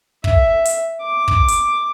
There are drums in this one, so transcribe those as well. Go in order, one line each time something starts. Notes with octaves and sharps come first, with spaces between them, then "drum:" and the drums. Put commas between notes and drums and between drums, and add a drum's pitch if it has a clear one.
E5, drum: kick
drum: hi-hat
D6
drum: kick
drum: hi-hat